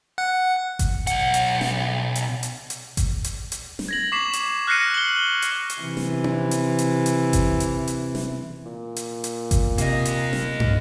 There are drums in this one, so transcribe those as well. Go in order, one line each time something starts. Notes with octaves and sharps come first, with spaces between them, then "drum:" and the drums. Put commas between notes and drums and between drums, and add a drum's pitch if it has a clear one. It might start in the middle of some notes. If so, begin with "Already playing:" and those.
F#5
drum: kick G1, hi-hat
B1 F#5, drum: hi-hat
drum: hi-hat
drum: snare
drum: hi-hat
drum: hi-hat
drum: hi-hat
drum: kick G1, hi-hat
drum: hi-hat
drum: hi-hat
drum: snare
G#6 A#6 F#7
C#6 D6 B6 C7 E7
drum: hi-hat
F6 F#6 A#6 C7 C#7 D#7
F#7 G7
G7
drum: hi-hat
drum: hi-hat
C3 E3
drum: snare
drum: tom C4
drum: hi-hat
drum: hi-hat
drum: hi-hat
drum: kick G1, hi-hat
drum: hi-hat
drum: hi-hat
drum: snare
A#2
drum: hi-hat
drum: hi-hat
drum: kick G1, hi-hat
C3 A#3 D#5, drum: hi-hat
drum: hi-hat
drum: snare
drum: tom